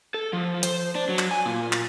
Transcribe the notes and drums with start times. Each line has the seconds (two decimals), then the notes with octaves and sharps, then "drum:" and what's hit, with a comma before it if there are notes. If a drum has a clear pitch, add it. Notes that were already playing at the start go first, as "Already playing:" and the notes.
0.14 A4
0.33 F3
0.63 C5, drum: hi-hat
0.95 D4
1.09 F#3
1.19 drum: clap
1.31 G#5
1.46 A#2
1.73 drum: clap